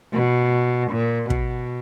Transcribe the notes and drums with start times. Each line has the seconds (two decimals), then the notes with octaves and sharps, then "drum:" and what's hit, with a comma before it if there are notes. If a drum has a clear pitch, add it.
0.13 B2
0.91 A#2
1.30 B2, drum: kick